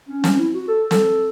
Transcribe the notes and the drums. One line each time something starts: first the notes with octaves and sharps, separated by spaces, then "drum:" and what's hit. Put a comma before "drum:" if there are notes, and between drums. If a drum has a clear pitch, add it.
C#4
C#4, drum: snare
E4
F#4
A4
A4, drum: snare